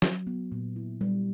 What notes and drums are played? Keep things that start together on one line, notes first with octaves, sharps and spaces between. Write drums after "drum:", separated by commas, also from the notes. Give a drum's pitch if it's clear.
F#3, drum: snare
B3
A#2
E4
G3